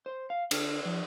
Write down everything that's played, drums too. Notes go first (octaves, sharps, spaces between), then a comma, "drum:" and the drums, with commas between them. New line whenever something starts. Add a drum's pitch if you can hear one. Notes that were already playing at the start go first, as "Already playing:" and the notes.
C5
F5
D3, drum: cymbal
F3